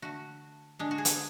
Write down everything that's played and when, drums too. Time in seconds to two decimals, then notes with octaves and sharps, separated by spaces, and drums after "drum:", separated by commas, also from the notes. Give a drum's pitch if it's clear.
0.02 D3 A3 F#4
0.79 D3 G#3 D4
0.91 F#4
0.98 G#4
1.05 A4, drum: hi-hat